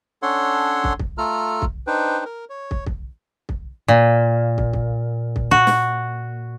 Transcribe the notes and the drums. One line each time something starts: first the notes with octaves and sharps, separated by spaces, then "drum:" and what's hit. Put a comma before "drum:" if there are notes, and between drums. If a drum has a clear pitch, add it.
C#4 D4 A4 C#5 F#5 C6
drum: kick
drum: kick
A3 F4 A4 A#5 F6
drum: kick
D4 D#4 B4 C5 G5
A#4
C#5
drum: kick
drum: kick
drum: kick
A#2
drum: kick
drum: kick
drum: kick
F#4
drum: snare